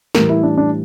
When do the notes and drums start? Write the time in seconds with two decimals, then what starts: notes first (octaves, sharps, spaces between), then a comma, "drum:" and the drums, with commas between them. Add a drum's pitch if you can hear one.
0.15 A2 E3 G3 A#4, drum: snare
0.29 E4
0.43 D4
0.58 D4